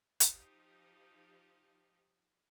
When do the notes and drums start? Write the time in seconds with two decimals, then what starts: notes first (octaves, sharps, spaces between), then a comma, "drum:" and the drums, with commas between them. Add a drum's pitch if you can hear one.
0.20 F3 D#4 G4, drum: hi-hat